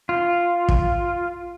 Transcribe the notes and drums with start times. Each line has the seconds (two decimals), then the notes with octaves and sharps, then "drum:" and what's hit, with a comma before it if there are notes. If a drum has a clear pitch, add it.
0.09 F4
0.69 drum: kick